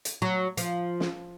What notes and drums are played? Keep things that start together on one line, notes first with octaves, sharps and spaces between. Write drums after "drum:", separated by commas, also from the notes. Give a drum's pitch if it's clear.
drum: hi-hat
F#3
F3, drum: hi-hat
drum: snare